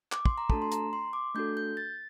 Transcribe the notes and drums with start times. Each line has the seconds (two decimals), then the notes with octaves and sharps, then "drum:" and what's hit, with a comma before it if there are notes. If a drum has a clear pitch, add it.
0.12 D6, drum: clap
0.26 C6, drum: kick
0.38 A#5
0.50 A3 D4 F#4 A4 A5, drum: kick
0.62 C6
0.72 A#5, drum: hi-hat
0.93 C6
1.13 D6
1.35 A3 D4 F#4 A4 G6
1.57 G6
1.77 A6